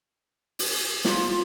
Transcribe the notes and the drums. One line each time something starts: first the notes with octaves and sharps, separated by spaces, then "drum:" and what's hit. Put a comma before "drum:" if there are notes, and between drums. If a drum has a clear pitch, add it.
drum: open hi-hat
F4, drum: snare